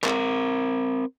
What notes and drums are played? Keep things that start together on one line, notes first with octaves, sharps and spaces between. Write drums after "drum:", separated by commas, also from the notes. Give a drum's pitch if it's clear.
C4 A#4, drum: clap